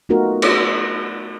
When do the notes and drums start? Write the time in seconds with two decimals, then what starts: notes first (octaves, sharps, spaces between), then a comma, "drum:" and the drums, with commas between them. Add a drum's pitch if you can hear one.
0.09 A3 B3 D#4 F4 F#4 A#4
0.42 drum: cymbal